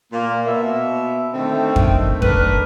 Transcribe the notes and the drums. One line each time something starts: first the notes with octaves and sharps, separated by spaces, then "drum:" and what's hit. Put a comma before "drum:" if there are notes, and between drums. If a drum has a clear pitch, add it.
A#2 A#3
B2 E5
D3 D#3 A3 C4
drum: kick F2
A3 D4 A#4 B4, drum: kick F2